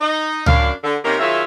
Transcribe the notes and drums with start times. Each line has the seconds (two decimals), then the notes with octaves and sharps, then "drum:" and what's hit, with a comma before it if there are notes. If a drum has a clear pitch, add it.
0.01 D#4 D#5
0.46 F#2 D4 F5, drum: tom C#2
0.83 D3
1.04 C3 A#3 C#4 D#4 G4 A#4
1.19 D#3 F#3 F4 G#4 E5